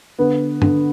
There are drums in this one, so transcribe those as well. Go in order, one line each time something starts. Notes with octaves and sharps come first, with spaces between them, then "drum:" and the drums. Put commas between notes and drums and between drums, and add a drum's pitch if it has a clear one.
D3 B3
D3, drum: tom